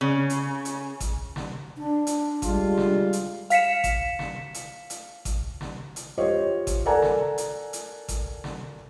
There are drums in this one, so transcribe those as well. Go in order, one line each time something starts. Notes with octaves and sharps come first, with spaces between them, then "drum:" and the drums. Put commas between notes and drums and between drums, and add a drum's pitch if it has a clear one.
C#3
drum: hi-hat
drum: hi-hat
drum: kick G#1, hi-hat
drum: snare
D4
drum: hi-hat
G3 G#3 F4, drum: kick G#1, hi-hat
drum: snare
drum: hi-hat
F5 B6 C#7 E7, drum: hi-hat
drum: kick G#1, hi-hat
drum: snare
drum: hi-hat
drum: hi-hat
drum: kick G#1, hi-hat
drum: snare
drum: hi-hat
F4 G4 C5 C#5 D#5
drum: kick G#1, hi-hat
A4 A#4 D5 F#5 G#5 A#5
drum: snare
drum: hi-hat
drum: hi-hat
drum: kick G#1, hi-hat
drum: snare